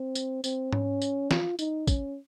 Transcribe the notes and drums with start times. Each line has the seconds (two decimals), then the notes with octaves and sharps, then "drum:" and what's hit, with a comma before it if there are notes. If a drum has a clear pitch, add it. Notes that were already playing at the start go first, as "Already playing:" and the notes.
Already playing: C4
0.15 drum: tambourine
0.44 C4, drum: tambourine
0.73 C#4, drum: tom G#2
1.02 drum: tambourine
1.31 F4, drum: snare
1.59 D#4, drum: tambourine
1.87 C#4, drum: kick, tambourine